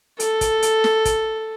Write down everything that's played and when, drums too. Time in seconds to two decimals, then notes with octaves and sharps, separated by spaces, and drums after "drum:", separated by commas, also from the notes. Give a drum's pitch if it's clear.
0.20 A4, drum: hi-hat
0.41 drum: kick, hi-hat
0.62 drum: hi-hat
0.84 drum: snare
1.05 drum: kick, hi-hat